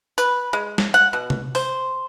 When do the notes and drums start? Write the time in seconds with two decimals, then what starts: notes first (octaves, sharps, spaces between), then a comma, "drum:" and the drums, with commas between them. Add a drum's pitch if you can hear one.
0.18 B4, drum: tambourine
0.53 G#3
0.78 drum: snare
0.94 F#5
1.13 B2
1.30 drum: tom C3
1.55 C5, drum: open hi-hat